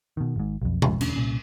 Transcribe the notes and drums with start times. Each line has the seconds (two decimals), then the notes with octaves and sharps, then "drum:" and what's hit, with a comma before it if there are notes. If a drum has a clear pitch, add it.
0.17 B2 D#3
0.36 G#1 G#2
0.62 B1 F2
0.82 E1 A1, drum: tom B2
1.01 E1 D2 C#4 D4, drum: cymbal
1.16 C2 A#2 C#4